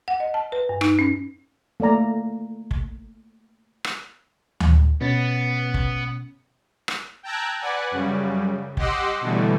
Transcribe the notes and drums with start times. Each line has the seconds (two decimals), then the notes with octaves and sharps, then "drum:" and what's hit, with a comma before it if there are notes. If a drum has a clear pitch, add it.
0.08 F#5
0.20 D#5
0.34 A5
0.52 B4
0.69 G2
0.81 D#4, drum: rim click
0.99 C#4
1.80 A3 A#3 D5 A#5
2.71 drum: kick
3.84 drum: rim click
4.60 drum: tom D2
5.01 B2 B3 C#4 A6
5.74 drum: kick
6.88 drum: rim click
7.23 G5 A5 A#5 E6 F#6 G#6
7.60 B4 D5 F#5 G#5
7.91 F#2 C#3 G3
8.77 G4 D#5 F#5 C6 D6 E6, drum: kick
9.21 B2 D3 E3 G3 A3